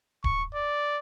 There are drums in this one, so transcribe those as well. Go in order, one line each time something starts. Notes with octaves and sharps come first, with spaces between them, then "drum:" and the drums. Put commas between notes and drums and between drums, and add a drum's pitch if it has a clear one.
C#6, drum: kick D1
D5